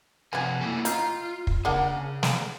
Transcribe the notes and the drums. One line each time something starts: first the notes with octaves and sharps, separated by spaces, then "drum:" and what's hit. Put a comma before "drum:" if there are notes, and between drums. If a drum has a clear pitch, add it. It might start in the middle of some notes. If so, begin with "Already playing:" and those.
C3 F3 B3 G#4 G#5
A3 A#3 E4
D#4 F4, drum: hi-hat
drum: kick
C#3 A#3 D4 G#4 F#5
B3, drum: snare